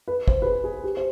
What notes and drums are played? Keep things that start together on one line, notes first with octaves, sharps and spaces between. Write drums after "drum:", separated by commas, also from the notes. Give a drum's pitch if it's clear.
B4
C5, drum: kick
B4
G#4
G#4
G4
C5